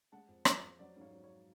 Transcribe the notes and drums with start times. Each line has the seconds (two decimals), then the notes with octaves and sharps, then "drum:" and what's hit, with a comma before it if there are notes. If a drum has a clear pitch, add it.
0.12 G#3 F#5 A5
0.28 F2
0.45 F3, drum: rim click
0.63 F2
0.79 F#3 D5 F#5
0.97 G#2 C#5 F5
1.13 F#3
1.24 C#5